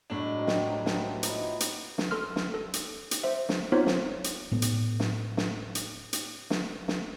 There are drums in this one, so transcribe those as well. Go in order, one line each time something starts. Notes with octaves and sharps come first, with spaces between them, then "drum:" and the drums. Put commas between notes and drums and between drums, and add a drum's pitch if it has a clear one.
A2 F#3 G#3 D4
C4 D#4 F#4
drum: snare
F#3 G3 A3
B3 C5 A5, drum: snare
F3 D#4 E4, drum: hi-hat
drum: hi-hat
drum: snare
A4 C6 F6
drum: snare
A4
drum: hi-hat
drum: hi-hat
C5 E5
drum: snare
B3 C4 D#4 F4 C5 C#5
drum: snare
drum: hi-hat
A2 A3 B3
drum: hi-hat
drum: snare
drum: snare
drum: hi-hat
drum: hi-hat
drum: snare
drum: snare